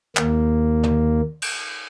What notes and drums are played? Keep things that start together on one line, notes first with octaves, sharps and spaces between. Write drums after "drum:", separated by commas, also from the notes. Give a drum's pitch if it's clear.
D#2 A#3, drum: clap
drum: tom
drum: cymbal